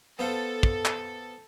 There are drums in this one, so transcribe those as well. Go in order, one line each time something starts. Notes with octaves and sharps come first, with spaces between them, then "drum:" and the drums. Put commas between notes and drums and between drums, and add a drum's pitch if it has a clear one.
B3 A4 C5 F5
drum: kick
drum: clap